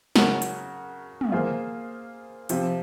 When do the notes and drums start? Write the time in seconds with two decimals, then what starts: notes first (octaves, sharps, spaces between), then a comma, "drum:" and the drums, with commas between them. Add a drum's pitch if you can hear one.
0.16 C#3 F#3 C#4 F#4 A#4, drum: snare
0.42 drum: hi-hat
1.21 drum: tom
1.32 A#3 F4 G#4 C5
2.49 C3 F3 C4, drum: hi-hat